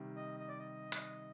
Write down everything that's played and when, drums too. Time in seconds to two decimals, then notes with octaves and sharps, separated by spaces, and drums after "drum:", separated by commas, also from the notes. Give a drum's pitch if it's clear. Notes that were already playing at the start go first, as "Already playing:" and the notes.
Already playing: C3 D#3 G3
0.16 D#5
0.40 D#5
0.49 D5
0.59 D#5
0.92 drum: hi-hat